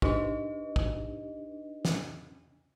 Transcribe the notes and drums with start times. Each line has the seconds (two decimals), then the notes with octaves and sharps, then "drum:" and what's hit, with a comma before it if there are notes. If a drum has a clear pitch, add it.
0.02 D4 D#4 G4 B4 D#5, drum: kick
0.76 drum: kick
1.85 drum: snare